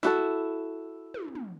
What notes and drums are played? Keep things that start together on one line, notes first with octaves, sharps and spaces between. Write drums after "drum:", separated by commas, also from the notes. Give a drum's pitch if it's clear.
E4 F#4 A4, drum: snare
drum: tom
drum: tom